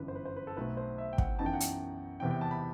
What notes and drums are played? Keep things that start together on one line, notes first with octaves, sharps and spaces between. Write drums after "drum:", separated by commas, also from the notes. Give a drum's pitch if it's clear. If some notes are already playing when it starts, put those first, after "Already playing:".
Already playing: G1 F#2 E3 B4
C5
B4
C5
B4
A4
B1 B2 A3 C4 B4
C5
E5
G5
F#5, drum: kick
F#2 E3 B3 D#4 A5
G5
F#5
G5, drum: hi-hat
E2 C3 E3 B3 G5
G5
A5
B5